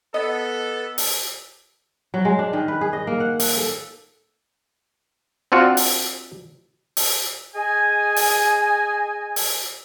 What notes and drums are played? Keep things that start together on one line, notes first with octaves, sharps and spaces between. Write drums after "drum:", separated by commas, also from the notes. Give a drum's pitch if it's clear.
B3 A4 D#5
drum: open hi-hat
F#3
G#3
D4
D#3
B4
G#4
D#5
A#3
F#5
F#5, drum: open hi-hat
A4
C4 D4 F4 F#4
drum: open hi-hat
drum: open hi-hat
G#4 D#5 G#5
drum: open hi-hat
drum: open hi-hat